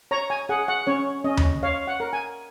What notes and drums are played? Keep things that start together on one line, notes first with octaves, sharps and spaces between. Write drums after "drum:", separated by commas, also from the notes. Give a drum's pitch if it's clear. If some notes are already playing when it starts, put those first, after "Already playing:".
C#5 A#5
G#5
G#4 F#5
F#5
C#4 C#5
C#4 D#5
drum: tom D#2
C#5 F5
F#5
A#4
G#5